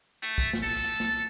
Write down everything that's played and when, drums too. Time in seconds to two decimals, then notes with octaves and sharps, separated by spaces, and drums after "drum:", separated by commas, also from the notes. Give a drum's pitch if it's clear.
0.22 A3, drum: hi-hat
0.38 drum: kick B1, hi-hat
0.53 drum: snare
0.63 A4
0.84 drum: hi-hat
1.00 drum: snare